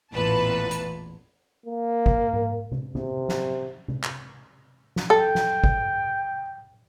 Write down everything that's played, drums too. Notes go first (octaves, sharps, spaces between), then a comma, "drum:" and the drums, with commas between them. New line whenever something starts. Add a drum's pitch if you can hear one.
A1 E2 A#2 B4 A5
drum: hi-hat
A#3
drum: kick
drum: tom G#2
drum: tom C3
C3, drum: tom D3
drum: snare
drum: tom C3
drum: clap
drum: snare
A4 G5
drum: snare
drum: kick